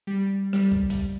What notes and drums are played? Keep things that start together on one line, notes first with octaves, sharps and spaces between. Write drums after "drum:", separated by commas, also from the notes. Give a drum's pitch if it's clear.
G3
G3, drum: rim click
drum: kick
drum: kick, open hi-hat